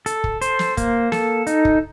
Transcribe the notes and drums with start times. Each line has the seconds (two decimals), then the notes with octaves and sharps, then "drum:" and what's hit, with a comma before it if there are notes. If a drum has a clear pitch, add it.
0.06 A4, drum: hi-hat
0.24 drum: kick
0.41 C5, drum: hi-hat
0.59 drum: snare
0.77 A#3, drum: kick, hi-hat
1.12 A4, drum: snare
1.47 D#4, drum: hi-hat
1.65 drum: kick